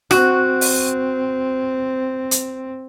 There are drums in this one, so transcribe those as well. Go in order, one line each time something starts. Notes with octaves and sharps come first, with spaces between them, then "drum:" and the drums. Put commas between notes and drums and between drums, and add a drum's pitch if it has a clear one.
C4 F#4, drum: rim click
drum: open hi-hat
drum: hi-hat